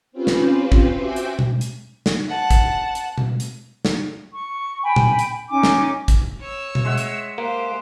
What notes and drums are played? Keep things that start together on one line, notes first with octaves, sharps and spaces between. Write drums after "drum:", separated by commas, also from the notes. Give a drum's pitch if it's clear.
C4 C#4 F4 G4 B4 C5
drum: snare
drum: kick
F#4 C5 E5 G5 G#5 D6
drum: hi-hat
drum: tom B2
drum: hi-hat
drum: snare
F#5 A5
drum: kick, hi-hat
drum: hi-hat
drum: tom B2
drum: hi-hat
drum: snare
C#6
G5 G#5 B5
drum: tom A#2
drum: hi-hat
C#4 D#4 G#5 D6
drum: snare
drum: kick, hi-hat
C#5 E6
drum: tom B2
G#3 E5 F#5
drum: hi-hat
A#3 G4 C5